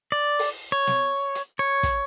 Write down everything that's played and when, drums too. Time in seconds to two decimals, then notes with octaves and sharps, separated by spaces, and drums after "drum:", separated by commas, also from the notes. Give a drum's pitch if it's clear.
0.12 D5
0.39 drum: open hi-hat
0.72 C#5
0.87 drum: snare
1.35 drum: hi-hat
1.59 C#5
1.83 drum: kick, hi-hat